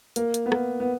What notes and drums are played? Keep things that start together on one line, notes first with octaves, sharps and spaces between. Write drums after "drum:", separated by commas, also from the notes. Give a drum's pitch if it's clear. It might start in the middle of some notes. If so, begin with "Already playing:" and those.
A#3, drum: hi-hat
drum: hi-hat
B3
A#3, drum: rim click
B3